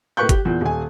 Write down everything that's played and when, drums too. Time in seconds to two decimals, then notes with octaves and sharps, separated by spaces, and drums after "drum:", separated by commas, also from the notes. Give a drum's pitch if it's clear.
0.17 A2 A#3 B4 C#6 F#6 G6
0.29 G4, drum: kick G1, hi-hat
0.45 E2 A#2
0.61 D#1 G#5